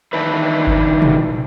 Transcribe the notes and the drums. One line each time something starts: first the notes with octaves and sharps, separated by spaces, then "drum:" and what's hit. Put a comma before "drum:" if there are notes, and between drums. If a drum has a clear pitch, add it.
D#3 D4 E4 B4
drum: kick G1
drum: tom